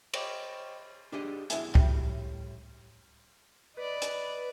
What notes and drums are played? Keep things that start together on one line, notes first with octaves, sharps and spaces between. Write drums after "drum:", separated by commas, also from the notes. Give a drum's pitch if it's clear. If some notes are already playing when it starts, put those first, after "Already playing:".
C5 C#5 D#5 G5 C#6 D6, drum: cymbal
D4 G4 G#4 D#5
B1 E4 G#4 E5, drum: hi-hat
A2 G3, drum: kick
B4 D5 D#5
drum: hi-hat